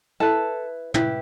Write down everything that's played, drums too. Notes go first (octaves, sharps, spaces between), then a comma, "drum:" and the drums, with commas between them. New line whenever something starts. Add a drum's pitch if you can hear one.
E4 A4 B4 A5
E4 G4 B4, drum: tom